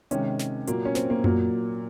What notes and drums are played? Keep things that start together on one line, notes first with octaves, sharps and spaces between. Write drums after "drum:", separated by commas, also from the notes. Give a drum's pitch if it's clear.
C3 D#3 G#3 C#4, drum: hi-hat
drum: snare
A#2 F#3 A#3, drum: hi-hat
C#4
C4, drum: snare
A#3
A#2 F#3 A#3, drum: tom F#2